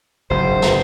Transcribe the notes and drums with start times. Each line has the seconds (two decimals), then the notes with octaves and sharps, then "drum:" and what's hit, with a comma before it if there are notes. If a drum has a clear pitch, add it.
0.30 F#1 G#2 C5
0.62 drum: snare